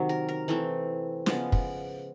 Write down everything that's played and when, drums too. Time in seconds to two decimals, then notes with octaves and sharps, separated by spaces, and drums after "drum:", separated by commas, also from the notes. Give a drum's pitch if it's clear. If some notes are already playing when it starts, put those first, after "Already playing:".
Already playing: C3 D#3 F#3
0.09 A#4
0.29 A#4
0.48 E3 A3 C4
1.26 C#3 F3 G#3 B3, drum: snare
1.52 drum: kick